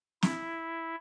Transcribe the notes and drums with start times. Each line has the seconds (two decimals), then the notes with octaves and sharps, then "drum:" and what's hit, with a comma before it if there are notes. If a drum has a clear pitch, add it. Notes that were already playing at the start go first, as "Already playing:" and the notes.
0.22 E4, drum: snare